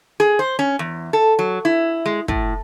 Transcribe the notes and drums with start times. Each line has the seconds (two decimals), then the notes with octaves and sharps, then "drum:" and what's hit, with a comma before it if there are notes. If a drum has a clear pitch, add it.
0.20 G#4
0.39 C5
0.59 C#4
0.79 E2
1.13 A4
1.39 F#3
1.65 E4
2.06 G#3
2.28 A2, drum: kick